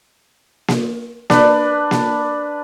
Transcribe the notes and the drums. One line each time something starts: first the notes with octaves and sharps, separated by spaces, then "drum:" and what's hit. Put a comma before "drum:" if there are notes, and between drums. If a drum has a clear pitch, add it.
drum: snare A#3
D4 B4, drum: snare A#3
drum: snare A#3